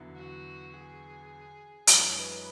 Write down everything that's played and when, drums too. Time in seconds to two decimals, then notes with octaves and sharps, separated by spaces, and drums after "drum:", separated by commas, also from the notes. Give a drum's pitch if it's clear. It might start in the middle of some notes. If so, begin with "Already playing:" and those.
Already playing: E2 D3 F#3 B3 E4
0.15 F#4
0.73 G#4
1.87 F#2 E3 G#3 D4 C#5, drum: hi-hat
2.17 B4